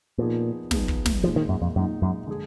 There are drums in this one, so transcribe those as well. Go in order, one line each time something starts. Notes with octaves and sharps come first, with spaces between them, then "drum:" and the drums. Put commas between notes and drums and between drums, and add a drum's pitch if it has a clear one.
A#2 F3 B3 D#4 G#4
F3 B3 D#4 G#4, drum: snare
drum: kick
drum: snare
A#2 F3 G#3 D#4
D#3
F#2
F2
F#2 A#2 G#3 D#4
F#2
D3 G#3 D4 G#4